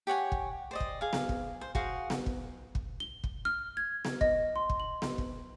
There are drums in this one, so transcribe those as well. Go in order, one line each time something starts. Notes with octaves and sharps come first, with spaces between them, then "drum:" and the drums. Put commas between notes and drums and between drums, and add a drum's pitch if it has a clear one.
G4 C#5 F#5 G#5
drum: kick
C5 D5 D#5
drum: kick
G#4 F5
drum: snare B3
drum: kick
C5
F#4 G#4 C5 F5, drum: kick
drum: snare B3
drum: kick
drum: kick
G7
drum: kick
F6
G#6
drum: snare B3
D#5, drum: kick
C6
drum: kick
F#7
drum: snare B3
drum: kick